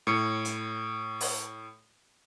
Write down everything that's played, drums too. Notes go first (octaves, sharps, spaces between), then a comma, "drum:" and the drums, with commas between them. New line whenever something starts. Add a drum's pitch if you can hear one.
A2 C#7
drum: hi-hat
drum: open hi-hat